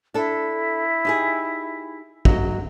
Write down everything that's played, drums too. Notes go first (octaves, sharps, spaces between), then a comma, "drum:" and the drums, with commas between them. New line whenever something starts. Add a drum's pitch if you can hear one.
D4 E4 A4
D#4 G4 G#4
F#3 F#4 D#5, drum: kick